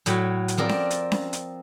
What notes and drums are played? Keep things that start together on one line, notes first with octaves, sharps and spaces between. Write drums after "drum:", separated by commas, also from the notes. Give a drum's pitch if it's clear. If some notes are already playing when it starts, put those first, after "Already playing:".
A2 F#3 G5 B5, drum: hi-hat
drum: hi-hat
F3 C4 A#4 D5
drum: snare C#4
drum: hi-hat
drum: snare C#4
drum: hi-hat